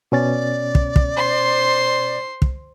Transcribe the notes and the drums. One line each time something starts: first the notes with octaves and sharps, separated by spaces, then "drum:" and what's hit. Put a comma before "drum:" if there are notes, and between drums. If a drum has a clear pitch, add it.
B2 C#4 D5 A6
drum: kick
drum: kick
C5 C6
drum: kick